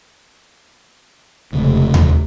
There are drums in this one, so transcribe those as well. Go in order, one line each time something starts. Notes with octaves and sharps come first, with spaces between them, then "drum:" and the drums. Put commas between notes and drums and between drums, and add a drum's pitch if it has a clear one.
F1 D2 C#3 G#3
drum: tom D#2